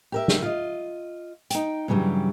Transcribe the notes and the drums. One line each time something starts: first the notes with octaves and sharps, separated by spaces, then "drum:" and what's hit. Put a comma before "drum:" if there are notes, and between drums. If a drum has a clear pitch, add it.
G4 A#4 E5
drum: snare
F4 D#5
D#4 G5, drum: hi-hat
G2 C#3 E3 F#3 G3